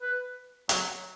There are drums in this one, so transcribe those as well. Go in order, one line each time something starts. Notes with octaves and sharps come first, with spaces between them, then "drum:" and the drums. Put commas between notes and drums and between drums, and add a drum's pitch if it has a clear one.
B4
F#3, drum: hi-hat